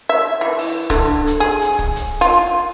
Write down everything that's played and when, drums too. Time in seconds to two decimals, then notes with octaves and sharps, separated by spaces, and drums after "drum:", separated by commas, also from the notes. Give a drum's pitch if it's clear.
0.09 E5
0.41 E3
0.58 drum: open hi-hat
0.90 D3, drum: kick, hi-hat
1.27 drum: hi-hat
1.40 G#4
1.62 drum: hi-hat
1.79 drum: kick
1.96 drum: hi-hat
2.21 F4